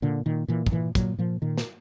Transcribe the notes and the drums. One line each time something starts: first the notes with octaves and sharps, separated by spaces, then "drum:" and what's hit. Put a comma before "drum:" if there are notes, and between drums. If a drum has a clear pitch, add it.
A#2 D3
A#2 D#3
A#2 E3
F3, drum: kick
A#2 E3
A#2 F#3, drum: kick, hi-hat
A#2 F3
A#2 D#3
drum: snare